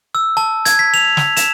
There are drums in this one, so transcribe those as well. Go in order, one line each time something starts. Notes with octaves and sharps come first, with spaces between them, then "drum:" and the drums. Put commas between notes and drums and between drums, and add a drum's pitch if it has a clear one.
E6
A5
G#6, drum: hi-hat
B6
F7
drum: snare
E7, drum: hi-hat